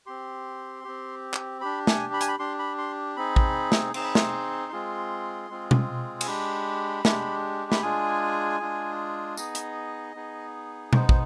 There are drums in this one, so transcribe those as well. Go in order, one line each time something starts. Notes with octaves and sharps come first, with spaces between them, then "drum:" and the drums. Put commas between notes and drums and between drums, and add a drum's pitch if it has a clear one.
C4 G4 C6
C4 G4
drum: clap
D4 G4 B5
G#5, drum: snare
B5
G#5, drum: hi-hat
B5
D4 G4 C6
B5
C6
C4 D#4 G#4 B5
drum: kick
drum: snare
C4 D#4 G#4 C6, drum: cymbal
B5
C6, drum: snare
G#3 C4 F4 G#4
G#3 C4 F4 G#4
drum: tom B2
G#5, drum: cymbal
G#3 D4 G4 B5
G#3 D4 G4, drum: snare
B5, drum: snare
G#3 D4 F4 G#4 G#5
G#3 D4 F4 G#4
B3 D#4 G#4 D#5, drum: tambourine
drum: hi-hat
B3 D#4 G#4
G#3 B3 D#4 C5, drum: tom B2
C5, drum: kick